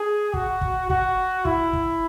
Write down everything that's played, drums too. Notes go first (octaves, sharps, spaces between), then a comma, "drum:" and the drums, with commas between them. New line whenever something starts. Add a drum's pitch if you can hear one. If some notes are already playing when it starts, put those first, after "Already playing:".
Already playing: G#4
F#4, drum: kick
drum: kick
F#4, drum: kick
E4, drum: kick
drum: kick